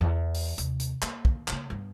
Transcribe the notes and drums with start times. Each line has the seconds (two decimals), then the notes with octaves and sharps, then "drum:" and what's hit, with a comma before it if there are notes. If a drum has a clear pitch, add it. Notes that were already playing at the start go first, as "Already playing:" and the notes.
0.01 E2
0.34 drum: open hi-hat
0.58 D#2 C3, drum: hi-hat
0.80 drum: hi-hat
1.02 A#3, drum: clap
1.25 drum: kick
1.48 C#3 A#3, drum: clap
1.70 G2 B3